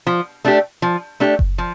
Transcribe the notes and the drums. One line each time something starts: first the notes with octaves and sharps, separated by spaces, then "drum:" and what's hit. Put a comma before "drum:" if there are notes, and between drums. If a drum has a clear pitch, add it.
F3
A3 D4 G4
F3
A3 D4 G4
drum: kick F#1
F3